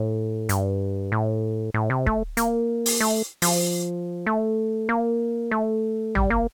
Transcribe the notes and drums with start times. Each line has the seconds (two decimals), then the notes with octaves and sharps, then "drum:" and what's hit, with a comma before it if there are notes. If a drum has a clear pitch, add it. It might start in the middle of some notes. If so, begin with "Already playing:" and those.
Already playing: A2
0.49 G2, drum: hi-hat
1.12 A2
1.74 A2
1.90 C3
2.06 A3, drum: kick
2.37 A#3, drum: hi-hat
2.86 drum: open hi-hat
3.00 A3
3.42 F3, drum: open hi-hat
4.26 A3
4.89 A#3
5.51 A3
6.15 G3, drum: tom
6.30 A#3